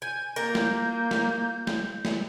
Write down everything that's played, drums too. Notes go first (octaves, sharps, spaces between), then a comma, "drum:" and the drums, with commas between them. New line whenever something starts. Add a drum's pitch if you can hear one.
G#5 G6
A#3 F4 G4 A#4
drum: snare
drum: snare
drum: snare
drum: snare